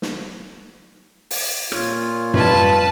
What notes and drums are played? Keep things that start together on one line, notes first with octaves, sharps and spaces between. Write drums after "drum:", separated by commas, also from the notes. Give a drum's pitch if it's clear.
drum: snare
drum: open hi-hat
A#2 F4 C#5, drum: rim click
G3 F4 B4 A5, drum: tom F#2